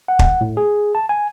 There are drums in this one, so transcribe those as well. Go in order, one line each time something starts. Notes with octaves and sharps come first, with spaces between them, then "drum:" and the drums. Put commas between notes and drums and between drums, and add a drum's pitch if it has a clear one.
F#5
drum: kick
A2
G#4
A5
G#5